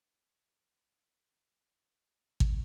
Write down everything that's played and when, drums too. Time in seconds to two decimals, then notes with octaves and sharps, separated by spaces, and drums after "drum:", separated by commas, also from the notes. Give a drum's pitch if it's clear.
1.01 A#1 G3
2.40 drum: kick